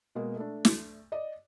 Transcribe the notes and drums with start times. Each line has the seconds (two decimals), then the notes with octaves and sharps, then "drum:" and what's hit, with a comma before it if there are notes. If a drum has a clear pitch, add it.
0.15 B2 G#3 A#3
0.36 A3 D4
0.65 drum: snare
1.12 D5 D#5